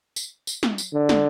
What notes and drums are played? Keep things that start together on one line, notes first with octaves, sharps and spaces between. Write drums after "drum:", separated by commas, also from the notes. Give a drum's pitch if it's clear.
drum: tambourine
drum: tambourine
drum: snare
drum: tambourine
D3
drum: snare